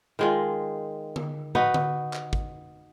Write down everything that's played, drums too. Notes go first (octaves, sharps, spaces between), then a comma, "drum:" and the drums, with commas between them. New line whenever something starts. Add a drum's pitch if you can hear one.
D#3 G#3 F4
drum: tom D3
D#4 F#4 B4, drum: tom
drum: tom D3
drum: clap
drum: kick